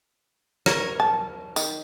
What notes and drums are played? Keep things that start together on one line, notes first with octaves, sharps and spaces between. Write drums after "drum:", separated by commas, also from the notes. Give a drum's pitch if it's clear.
A#4 C#5, drum: rim click
A5
D#3, drum: tambourine